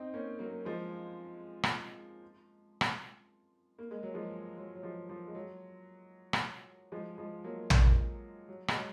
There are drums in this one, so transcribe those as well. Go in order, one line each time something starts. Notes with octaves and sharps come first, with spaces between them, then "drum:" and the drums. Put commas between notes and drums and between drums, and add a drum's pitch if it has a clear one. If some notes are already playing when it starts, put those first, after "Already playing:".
Already playing: C4 D#4
A#3 C#4
F#3 A#3
F3 G#3
drum: rim click
drum: rim click
A#3
G#3
F#3
F3 G#3
F#3
F#3
F3 G#3
F3
G#3
F#3
drum: rim click
F3 G#3
F3 G#3
F#3 A#3
drum: tom
F#3
G#3, drum: rim click
F#3